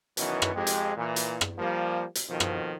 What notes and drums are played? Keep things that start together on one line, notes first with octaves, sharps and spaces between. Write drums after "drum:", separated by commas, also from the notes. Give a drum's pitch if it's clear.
B2 D#3 E3 F#3 B3 C#4, drum: hi-hat
drum: rim click
F2 G#3 G4
drum: hi-hat
A#2 E3
drum: hi-hat
drum: rim click
F3 G3 A#3
drum: hi-hat
F2 B2 D#3 F3
drum: rim click